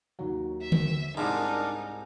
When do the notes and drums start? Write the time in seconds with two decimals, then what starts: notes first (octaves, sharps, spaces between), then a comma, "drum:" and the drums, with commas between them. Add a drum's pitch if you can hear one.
0.19 D#2 F#3
0.61 E5
0.72 drum: tom D3
1.17 C2 G#2 D4 D#4 A#4 C6